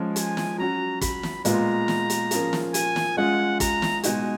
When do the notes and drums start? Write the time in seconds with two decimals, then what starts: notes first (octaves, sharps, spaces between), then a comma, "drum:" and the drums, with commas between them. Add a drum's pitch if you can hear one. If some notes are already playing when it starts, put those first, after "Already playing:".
Already playing: F3 G#3 C#4
0.16 G#5, drum: hi-hat
0.37 drum: snare
0.58 F#3 C#4 F#4 A#5
1.01 B5, drum: kick, hi-hat
1.23 drum: snare
1.45 A#2 G#3 B3 F4 A#5, drum: hi-hat
1.88 drum: snare
2.10 drum: hi-hat
2.31 F3 A#3 C#4 F4 G#4, drum: hi-hat
2.53 drum: snare
2.74 G#5, drum: hi-hat
2.96 drum: snare
3.17 G#3 C#4 F4 G#4 F#5
3.60 A#5, drum: kick, hi-hat
3.82 drum: snare
4.03 B2 G#3 D#4 F#4 G#5, drum: hi-hat